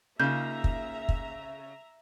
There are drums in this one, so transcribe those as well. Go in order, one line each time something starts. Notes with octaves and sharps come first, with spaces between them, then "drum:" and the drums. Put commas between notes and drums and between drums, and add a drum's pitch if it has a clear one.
C#3 A#3 D#4 F4 E5 A#5 G6
drum: kick
drum: kick